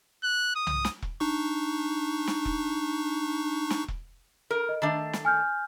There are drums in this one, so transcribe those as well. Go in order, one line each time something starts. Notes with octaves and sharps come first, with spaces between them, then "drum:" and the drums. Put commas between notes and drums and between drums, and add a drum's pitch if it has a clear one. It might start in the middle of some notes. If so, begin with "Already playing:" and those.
F#6
D#6
drum: tom C2
drum: snare
drum: kick E1
D4 D#4 C#6
drum: snare
drum: kick E1
drum: snare
drum: kick E1
A#4
D#5
D#3 A3 D4
drum: snare
G#5 F6 G6